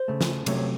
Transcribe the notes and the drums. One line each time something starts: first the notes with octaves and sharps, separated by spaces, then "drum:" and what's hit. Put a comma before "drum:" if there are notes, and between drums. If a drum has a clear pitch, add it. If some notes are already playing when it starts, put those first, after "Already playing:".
Already playing: C5
C#3 A3
drum: snare
C3 F#3 A3 C#5, drum: cymbal
C#5